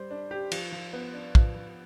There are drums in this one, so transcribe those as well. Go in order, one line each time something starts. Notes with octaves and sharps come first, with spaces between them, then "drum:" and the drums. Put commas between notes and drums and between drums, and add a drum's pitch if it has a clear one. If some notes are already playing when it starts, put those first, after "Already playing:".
Already playing: G3 C5
D4
G4
F3, drum: cymbal
F3
B3
D4
F3, drum: kick
F3